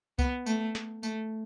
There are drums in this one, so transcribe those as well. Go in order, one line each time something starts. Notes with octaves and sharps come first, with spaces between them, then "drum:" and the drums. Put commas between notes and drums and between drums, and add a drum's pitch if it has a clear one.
B3, drum: kick C2, tambourine
A3, drum: tambourine
drum: snare
A3, drum: tambourine